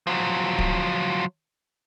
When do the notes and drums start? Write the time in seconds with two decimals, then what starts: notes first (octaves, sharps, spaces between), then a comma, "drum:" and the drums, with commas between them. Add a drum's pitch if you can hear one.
0.07 F3 F#3
0.59 drum: kick